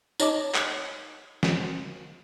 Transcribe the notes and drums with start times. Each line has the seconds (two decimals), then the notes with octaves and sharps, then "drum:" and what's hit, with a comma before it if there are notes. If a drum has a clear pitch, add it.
0.20 D#4 C#5 D#5 A5 D6, drum: tambourine
0.54 drum: clap
1.43 drum: snare